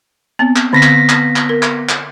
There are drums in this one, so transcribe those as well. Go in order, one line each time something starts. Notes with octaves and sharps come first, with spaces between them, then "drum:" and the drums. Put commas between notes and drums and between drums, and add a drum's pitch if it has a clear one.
B3 C4
drum: clap
D3 B3 C4 A#6 B6
drum: clap
drum: clap
drum: clap
A#4
drum: clap
drum: clap